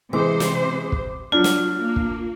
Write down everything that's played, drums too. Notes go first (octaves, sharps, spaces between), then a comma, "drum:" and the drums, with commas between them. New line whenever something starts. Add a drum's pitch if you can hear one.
C3 E3 G#3 C5 D6
drum: snare
drum: kick
F#3 D4 F4
drum: snare
A#3
drum: kick